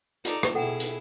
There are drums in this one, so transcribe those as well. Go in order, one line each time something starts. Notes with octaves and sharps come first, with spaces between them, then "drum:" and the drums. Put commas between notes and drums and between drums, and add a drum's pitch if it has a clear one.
D#4 F4 A4 D5 A#5, drum: hi-hat
drum: rim click
B2 E4 G#4 A4 F#5 G5
drum: hi-hat